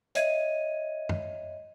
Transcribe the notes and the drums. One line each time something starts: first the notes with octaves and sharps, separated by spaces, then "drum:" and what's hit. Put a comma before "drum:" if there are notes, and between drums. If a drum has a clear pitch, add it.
C#5 D#5 E5 G#6 D#7, drum: hi-hat
drum: tom F#2